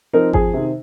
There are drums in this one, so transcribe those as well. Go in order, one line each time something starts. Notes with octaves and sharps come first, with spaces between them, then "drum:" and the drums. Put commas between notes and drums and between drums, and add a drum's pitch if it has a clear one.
F3 C4 D#4 A#4
F2 G#4, drum: kick G#1
C3 D#3